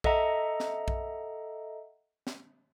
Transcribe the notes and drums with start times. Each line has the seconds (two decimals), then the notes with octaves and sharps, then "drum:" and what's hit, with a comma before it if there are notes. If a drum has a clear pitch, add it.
0.04 A4 D#5 E5 F#5 A#5, drum: kick A#1
0.60 drum: snare
0.88 drum: kick A#1
2.27 drum: snare